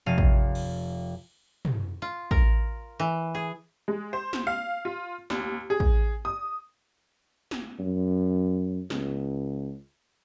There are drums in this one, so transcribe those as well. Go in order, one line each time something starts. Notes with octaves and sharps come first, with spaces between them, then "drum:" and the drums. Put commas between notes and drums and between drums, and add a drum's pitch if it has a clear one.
F1 F5 D#7
drum: kick
drum: cymbal
drum: tom
F4
A#4, drum: kick
E3
G#4
G#3
C5
drum: snare
F5
F4
D#2, drum: snare
G#4
drum: kick
D#6
drum: snare
F#2
C#2, drum: snare